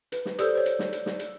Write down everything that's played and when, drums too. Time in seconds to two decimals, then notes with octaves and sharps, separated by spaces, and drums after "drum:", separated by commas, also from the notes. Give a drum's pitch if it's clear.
0.12 B4, drum: hi-hat
0.25 drum: snare
0.39 G4 A4 C5 D5 E6 G6, drum: hi-hat
0.56 C5 C#5
0.66 drum: hi-hat
0.79 drum: snare
0.93 drum: hi-hat
1.06 drum: snare
1.19 drum: hi-hat